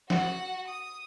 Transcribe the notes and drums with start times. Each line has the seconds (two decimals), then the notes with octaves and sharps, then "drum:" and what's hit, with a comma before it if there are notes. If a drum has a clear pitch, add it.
0.10 F#4 F#5, drum: snare
0.67 D#6